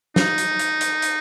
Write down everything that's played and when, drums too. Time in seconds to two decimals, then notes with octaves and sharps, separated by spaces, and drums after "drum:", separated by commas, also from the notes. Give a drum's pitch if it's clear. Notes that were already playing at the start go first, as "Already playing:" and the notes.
0.16 D#4, drum: snare
0.38 drum: hi-hat
0.59 drum: hi-hat
0.81 drum: hi-hat
1.02 drum: hi-hat